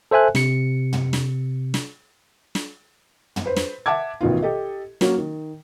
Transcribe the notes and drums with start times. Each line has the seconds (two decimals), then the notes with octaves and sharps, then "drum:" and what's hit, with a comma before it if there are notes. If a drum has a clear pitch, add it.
0.11 A4 C5 E5 G#5 F#6
0.35 C3 C#7, drum: snare
0.93 drum: tom
1.13 drum: snare
1.74 drum: snare
2.55 drum: snare
3.36 drum: tom
3.46 B4 C5
3.56 drum: snare
3.86 E5 F#5 A5 D6 G#6
4.21 A1 B2 D#3 F4
4.42 G4 A4 D#5
5.01 F#3 A#3 C#4 F#4, drum: snare
5.18 D#3